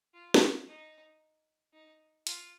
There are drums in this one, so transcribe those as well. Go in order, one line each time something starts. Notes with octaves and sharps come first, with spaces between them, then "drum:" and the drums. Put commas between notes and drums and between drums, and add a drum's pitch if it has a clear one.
F4
drum: snare
D#4
D#4
F4, drum: hi-hat